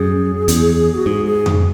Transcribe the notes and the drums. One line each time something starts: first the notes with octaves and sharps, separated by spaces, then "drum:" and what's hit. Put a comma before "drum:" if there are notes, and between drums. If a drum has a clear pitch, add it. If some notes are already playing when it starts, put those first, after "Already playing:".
Already playing: F#2 G#4
E2, drum: hi-hat
F#4
G#2 G#4
G#4
drum: tom F2